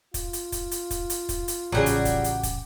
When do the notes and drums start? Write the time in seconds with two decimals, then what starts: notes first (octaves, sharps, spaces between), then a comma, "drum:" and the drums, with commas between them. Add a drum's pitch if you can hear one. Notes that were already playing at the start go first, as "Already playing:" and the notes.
0.14 F4, drum: kick, hi-hat
0.33 drum: hi-hat
0.52 drum: kick, hi-hat
0.71 drum: hi-hat
0.91 drum: kick, hi-hat
1.10 drum: hi-hat
1.29 drum: kick, hi-hat
1.48 drum: hi-hat
1.72 A1 C#3 F#3 G3 G4 G#4 F#5
1.86 drum: hi-hat
2.05 drum: kick, hi-hat
2.24 drum: hi-hat
2.43 drum: kick, hi-hat